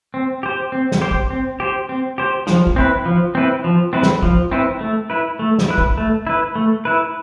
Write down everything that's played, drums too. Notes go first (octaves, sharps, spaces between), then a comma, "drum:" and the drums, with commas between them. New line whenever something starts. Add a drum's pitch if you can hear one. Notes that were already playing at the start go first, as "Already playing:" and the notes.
C4
G4 C5
C4
drum: snare
G4 C5
drum: kick
C4
G4 C5
C4
G4 C5
F3, drum: snare
drum: kick
C4 E4 B4
F3
C4 E4 B4
F3
C4 E4 B4
drum: snare
F3, drum: kick
C4 E4 B4
A3
E4 B4
A3
drum: snare
E4 B4
drum: kick
A3
E4 B4
A3
E4 B4